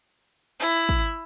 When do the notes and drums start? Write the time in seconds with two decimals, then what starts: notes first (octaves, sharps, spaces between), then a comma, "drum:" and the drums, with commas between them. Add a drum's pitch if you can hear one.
0.60 E4
0.89 drum: kick